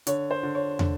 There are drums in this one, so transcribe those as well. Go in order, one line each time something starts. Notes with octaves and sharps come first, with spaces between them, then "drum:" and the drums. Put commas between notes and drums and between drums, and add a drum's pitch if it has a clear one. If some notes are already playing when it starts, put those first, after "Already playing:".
D3 C#5, drum: hi-hat
C5
D3
C#5
D3, drum: tom